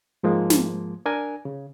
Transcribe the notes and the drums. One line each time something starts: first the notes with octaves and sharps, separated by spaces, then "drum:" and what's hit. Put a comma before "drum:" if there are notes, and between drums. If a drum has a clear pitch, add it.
G#2 F3 G#3 A#3
drum: snare
D4 A#4 G#5
C#3